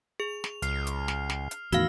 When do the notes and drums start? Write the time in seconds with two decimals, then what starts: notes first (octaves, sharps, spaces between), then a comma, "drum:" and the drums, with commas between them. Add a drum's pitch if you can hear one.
0.20 G#4 F7
0.44 drum: snare
0.62 C#2 F6 C7, drum: hi-hat
0.87 drum: hi-hat
1.08 drum: snare
1.30 drum: snare
1.51 drum: hi-hat
1.72 E2 A2 D#3 F#4 F5 E6 F6, drum: hi-hat